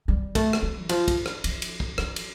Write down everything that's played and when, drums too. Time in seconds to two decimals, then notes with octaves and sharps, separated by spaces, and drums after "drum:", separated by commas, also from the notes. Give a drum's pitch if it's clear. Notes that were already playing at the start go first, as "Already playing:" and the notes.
0.08 G3
0.35 A3, drum: kick, cymbal
0.53 drum: rim click
0.63 A3
0.82 D#3
0.89 F3, drum: cymbal
1.08 drum: kick, cymbal
1.26 drum: rim click
1.44 F3, drum: cymbal
1.62 drum: cymbal
1.80 drum: kick
1.98 F3, drum: rim click
2.16 drum: cymbal